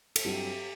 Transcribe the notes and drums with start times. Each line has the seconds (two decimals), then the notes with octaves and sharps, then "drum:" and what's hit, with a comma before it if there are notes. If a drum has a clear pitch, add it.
0.16 A4, drum: cymbal
0.25 G2 F#3 C4 F#4 G4